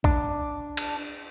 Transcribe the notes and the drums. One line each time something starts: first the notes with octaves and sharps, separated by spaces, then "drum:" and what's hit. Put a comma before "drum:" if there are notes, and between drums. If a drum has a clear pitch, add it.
D4, drum: kick
drum: cymbal